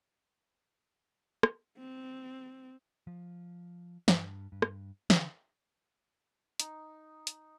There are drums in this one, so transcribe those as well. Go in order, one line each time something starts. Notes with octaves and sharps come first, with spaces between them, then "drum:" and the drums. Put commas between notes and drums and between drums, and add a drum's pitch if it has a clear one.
drum: rim click
C4
F3
G2, drum: snare
G2
drum: rim click
D3, drum: snare
D#4, drum: hi-hat
drum: hi-hat